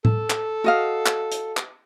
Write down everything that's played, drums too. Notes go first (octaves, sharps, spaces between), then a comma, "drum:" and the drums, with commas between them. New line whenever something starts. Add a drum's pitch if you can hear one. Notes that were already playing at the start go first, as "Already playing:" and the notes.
A4, drum: tom A2
drum: clap
F#4 D#5 F5
drum: clap
drum: hi-hat
drum: clap